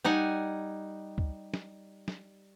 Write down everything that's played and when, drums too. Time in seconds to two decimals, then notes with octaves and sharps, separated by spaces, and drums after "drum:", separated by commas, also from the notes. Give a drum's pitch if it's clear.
0.04 G3 D#4 F#5 G#5
1.18 drum: kick C#2
1.54 drum: snare
2.08 drum: snare